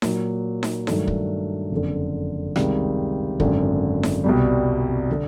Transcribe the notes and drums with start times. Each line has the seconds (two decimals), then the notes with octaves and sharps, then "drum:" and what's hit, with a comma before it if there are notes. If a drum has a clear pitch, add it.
0.02 A#2 F#3 A#3, drum: snare D#4
0.63 drum: snare D#4
0.87 G2 D#3 F#3 A3 D4, drum: snare D#4
1.07 drum: kick
1.72 F#1 F2 D3
2.56 C#2 C3 D#3 G3, drum: rim click
3.40 G#1 F#2 D3, drum: kick
4.03 drum: snare D#4
4.24 C2 B2 G3
5.11 D3